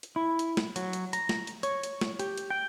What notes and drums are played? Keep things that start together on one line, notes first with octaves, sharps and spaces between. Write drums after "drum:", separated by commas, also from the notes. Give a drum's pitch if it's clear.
drum: hi-hat
E4
drum: hi-hat
drum: snare
F#3, drum: hi-hat
drum: hi-hat
A#5, drum: hi-hat
drum: snare
drum: hi-hat
C#5, drum: hi-hat
drum: hi-hat
drum: snare
G4, drum: hi-hat
drum: hi-hat
G5